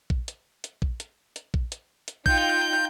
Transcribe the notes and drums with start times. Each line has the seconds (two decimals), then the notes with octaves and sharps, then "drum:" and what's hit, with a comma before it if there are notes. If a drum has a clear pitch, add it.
0.10 drum: kick A#1
0.28 drum: hi-hat
0.64 drum: hi-hat
0.82 drum: kick A#1
1.00 drum: hi-hat
1.36 drum: hi-hat
1.54 drum: kick A#1
1.72 drum: hi-hat
2.08 drum: hi-hat
2.26 D#4 F4 G5 G6, drum: kick A#1